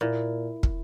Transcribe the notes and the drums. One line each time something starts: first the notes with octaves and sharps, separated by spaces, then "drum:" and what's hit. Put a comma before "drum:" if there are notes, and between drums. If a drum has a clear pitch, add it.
A#2 E4
drum: kick